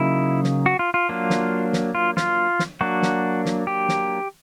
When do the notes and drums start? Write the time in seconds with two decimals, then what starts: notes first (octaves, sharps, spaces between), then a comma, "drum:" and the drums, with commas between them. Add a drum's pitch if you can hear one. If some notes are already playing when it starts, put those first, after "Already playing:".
Already playing: C#3 F#3 A#3 D#4 E4
0.44 drum: snare
0.66 F#4
0.79 F4
0.94 F4
1.09 F#3 A#3 D4
1.30 drum: snare
1.73 drum: snare
1.95 F4
2.17 F4, drum: snare
2.59 drum: snare
2.81 F#3 A#3 D4 F#4
3.02 drum: snare
3.46 drum: snare
3.67 G4
3.89 drum: snare